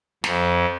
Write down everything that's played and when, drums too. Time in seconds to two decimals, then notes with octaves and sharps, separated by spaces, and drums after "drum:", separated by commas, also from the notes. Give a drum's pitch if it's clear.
0.24 F2, drum: snare